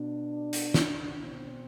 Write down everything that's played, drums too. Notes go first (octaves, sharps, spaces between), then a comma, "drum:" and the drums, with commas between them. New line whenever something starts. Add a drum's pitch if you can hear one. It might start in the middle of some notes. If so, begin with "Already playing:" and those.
Already playing: B2 D4
drum: hi-hat
drum: snare
B2 C4